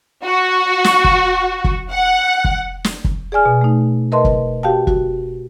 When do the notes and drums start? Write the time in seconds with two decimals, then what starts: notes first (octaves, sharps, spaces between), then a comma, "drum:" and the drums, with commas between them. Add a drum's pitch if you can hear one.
0.24 F#4
0.84 drum: snare
1.04 drum: kick
1.64 drum: kick
1.92 F#5
2.44 drum: kick
2.84 drum: snare
3.04 drum: kick
3.32 G#4 D5 G#5 F6
3.45 B2
3.61 A3 D#4
4.12 A#4 B4 D#5 E5 A5 C6
4.24 drum: kick
4.63 F#4 G4 F5 G5 A5
4.87 F#4, drum: kick